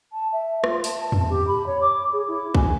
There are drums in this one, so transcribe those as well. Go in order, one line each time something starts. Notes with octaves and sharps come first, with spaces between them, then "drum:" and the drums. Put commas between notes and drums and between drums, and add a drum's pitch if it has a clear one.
A5
E5
F4, drum: rim click
A5, drum: open hi-hat
A5
drum: tom E2
G4
B5
C#5
D6
G#4
E4
G#5, drum: kick B1